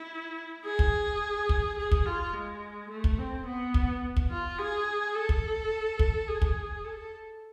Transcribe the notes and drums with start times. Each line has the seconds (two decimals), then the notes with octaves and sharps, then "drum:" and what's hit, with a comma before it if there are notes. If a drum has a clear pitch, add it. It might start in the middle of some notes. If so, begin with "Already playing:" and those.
Already playing: E4
0.65 G#4
0.79 drum: kick
1.49 drum: kick
1.78 G#4
1.92 drum: kick
2.06 F4
2.34 G#3
2.90 A3
3.04 drum: kick
3.18 C4
3.46 B3
3.74 drum: kick
4.17 drum: kick
4.30 F4
4.58 G#4
5.15 A4
5.29 drum: kick
5.99 drum: kick
6.28 G#4
6.42 drum: kick
6.84 A4